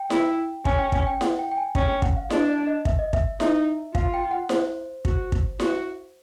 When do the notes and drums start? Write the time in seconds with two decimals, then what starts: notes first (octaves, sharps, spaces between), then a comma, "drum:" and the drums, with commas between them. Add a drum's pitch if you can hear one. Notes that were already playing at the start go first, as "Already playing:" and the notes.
Already playing: G5
0.10 E4, drum: snare E4
0.65 C#4 G#5, drum: kick
0.79 G5
0.92 G#5, drum: kick
1.07 G5
1.21 F#5, drum: snare E4
1.39 G5
1.52 G5
1.57 G#5
1.75 C#4 G5, drum: kick
1.89 G5
2.02 F#5, drum: kick
2.17 F5
2.30 D4 D#5, drum: snare E4
2.49 D5
2.67 D#5
2.85 E5, drum: kick
2.99 D#5
3.13 E5, drum: kick
3.40 D#4 E5, drum: snare E4
3.95 F4 F5, drum: kick
4.14 G5
4.31 F#5
4.49 C5, drum: snare E4
5.05 F#4, drum: kick
5.32 drum: kick
5.60 F#4, drum: snare E4